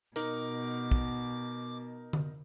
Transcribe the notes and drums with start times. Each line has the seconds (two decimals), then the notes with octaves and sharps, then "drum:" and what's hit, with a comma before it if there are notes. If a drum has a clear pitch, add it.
0.16 B2 D#4 A#4 D6, drum: hi-hat
0.91 drum: kick
2.13 drum: tom D3